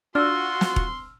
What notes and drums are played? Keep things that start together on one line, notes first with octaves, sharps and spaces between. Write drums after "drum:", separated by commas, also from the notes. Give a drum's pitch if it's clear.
D4 F4 F#4 C6 E6 F6
drum: snare
drum: kick E1